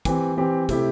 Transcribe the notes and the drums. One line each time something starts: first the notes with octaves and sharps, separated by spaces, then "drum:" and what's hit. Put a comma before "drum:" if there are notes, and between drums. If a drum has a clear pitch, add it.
E3 C4 G4, drum: kick, hi-hat
E3 C4 G4
C3 A3 E4 G4, drum: kick, hi-hat